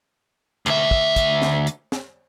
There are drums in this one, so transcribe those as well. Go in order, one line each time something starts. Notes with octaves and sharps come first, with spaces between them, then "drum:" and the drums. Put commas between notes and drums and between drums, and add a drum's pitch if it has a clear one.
D2 E5, drum: hi-hat
drum: kick
drum: kick, hi-hat
drum: snare
drum: hi-hat
drum: snare